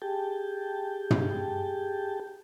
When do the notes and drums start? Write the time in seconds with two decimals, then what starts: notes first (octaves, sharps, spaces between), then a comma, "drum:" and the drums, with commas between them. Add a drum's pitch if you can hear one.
0.02 G4 G#4 G5 A5
1.10 drum: tom